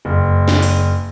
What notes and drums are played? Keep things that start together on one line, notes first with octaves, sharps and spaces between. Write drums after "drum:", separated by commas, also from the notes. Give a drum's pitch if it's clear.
F#1
drum: snare
drum: open hi-hat